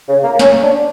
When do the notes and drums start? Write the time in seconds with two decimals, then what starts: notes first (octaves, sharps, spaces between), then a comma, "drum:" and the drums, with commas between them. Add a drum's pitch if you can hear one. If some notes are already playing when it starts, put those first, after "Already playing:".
0.08 C#3
0.24 A#3
0.39 C#4, drum: snare
0.62 D4